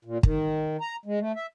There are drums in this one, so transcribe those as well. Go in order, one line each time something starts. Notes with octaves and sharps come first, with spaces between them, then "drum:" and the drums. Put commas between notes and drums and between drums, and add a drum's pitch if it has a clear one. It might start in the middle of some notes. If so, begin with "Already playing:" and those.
A#2
D#3, drum: kick
A#5
G#3
A3
E5